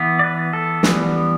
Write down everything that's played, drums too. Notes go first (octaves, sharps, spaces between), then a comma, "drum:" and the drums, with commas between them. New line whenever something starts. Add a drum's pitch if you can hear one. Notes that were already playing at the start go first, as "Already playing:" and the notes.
Already playing: E3 B3
D5
B4
A4
E3 G3 B3, drum: snare